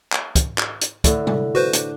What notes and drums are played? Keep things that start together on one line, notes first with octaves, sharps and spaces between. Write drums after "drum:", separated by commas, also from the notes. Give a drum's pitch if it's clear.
drum: clap
drum: kick, hi-hat
drum: clap
drum: hi-hat
A2 D3, drum: kick, hi-hat
drum: tom
F#4 B4 C5
D4, drum: hi-hat